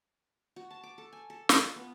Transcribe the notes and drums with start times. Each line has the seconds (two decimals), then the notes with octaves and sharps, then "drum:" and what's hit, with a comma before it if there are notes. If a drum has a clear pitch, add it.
0.56 F#4
0.71 A5
0.83 D6
0.98 A4
1.13 G#5
1.30 A4
1.49 F4, drum: snare
1.76 B3